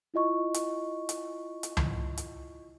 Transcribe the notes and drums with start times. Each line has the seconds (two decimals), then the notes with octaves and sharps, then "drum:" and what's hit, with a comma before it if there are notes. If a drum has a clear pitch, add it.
0.14 E4 F4 D#5 C#6
0.54 drum: hi-hat
1.09 drum: hi-hat
1.63 drum: hi-hat
1.77 drum: tom C#2
2.18 drum: hi-hat